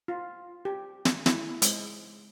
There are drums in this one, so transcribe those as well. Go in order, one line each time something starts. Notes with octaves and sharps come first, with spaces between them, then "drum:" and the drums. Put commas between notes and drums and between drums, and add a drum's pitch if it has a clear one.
F4
G4
drum: snare
E4, drum: snare
G#3, drum: hi-hat